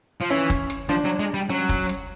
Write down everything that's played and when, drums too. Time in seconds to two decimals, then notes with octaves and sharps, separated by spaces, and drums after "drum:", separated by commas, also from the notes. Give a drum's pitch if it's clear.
0.21 F3
0.30 E3 C#4, drum: hi-hat
0.50 drum: kick, hi-hat
0.70 drum: rim click
0.89 F3 D4, drum: hi-hat
1.05 F#3
1.20 G#3
1.34 G3
1.50 F#3 C#4, drum: hi-hat
1.69 drum: kick, hi-hat
1.89 drum: rim click